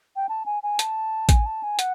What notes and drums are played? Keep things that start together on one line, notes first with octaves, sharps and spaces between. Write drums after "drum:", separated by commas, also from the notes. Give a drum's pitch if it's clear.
G5
A5
G#5
G#5
A5, drum: hi-hat
G#5, drum: kick A1, hi-hat
A5
G#5
F#5, drum: hi-hat